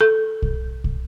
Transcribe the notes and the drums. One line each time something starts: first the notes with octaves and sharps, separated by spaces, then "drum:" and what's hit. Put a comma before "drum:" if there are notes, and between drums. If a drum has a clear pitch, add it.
A4
drum: kick
drum: kick